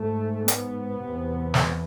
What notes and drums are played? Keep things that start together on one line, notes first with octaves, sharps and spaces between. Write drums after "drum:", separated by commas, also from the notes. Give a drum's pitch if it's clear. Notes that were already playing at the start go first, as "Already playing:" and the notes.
Already playing: G#2 A3
B3, drum: hi-hat
E2 C3
drum: snare